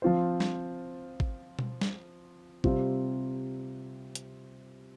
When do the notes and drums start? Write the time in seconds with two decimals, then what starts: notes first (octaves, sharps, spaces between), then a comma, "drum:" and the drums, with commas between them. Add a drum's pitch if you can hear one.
0.02 F3 C4 F4 C5
0.40 drum: snare
1.20 drum: kick G#1
1.59 drum: tom B2
1.81 drum: snare
2.64 C3 G3 C4 F4, drum: kick G#1
4.15 drum: hi-hat